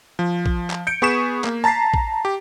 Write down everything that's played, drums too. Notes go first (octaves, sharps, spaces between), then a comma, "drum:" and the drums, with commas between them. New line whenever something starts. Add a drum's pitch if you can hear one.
F3
drum: kick A#1
drum: clap
G6 C#7 D7
B3 G#4 C#6 B6 E7
A#3, drum: clap
A5 A#5 A6 B6 C7
drum: kick A#1
G4